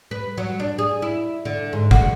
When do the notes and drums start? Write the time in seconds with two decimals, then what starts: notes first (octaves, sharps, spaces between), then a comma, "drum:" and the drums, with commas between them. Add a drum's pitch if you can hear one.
0.11 B4
0.37 F#3
0.60 D4
0.79 G#4
1.02 E4
1.45 D3
1.73 G#2
1.91 F#4, drum: kick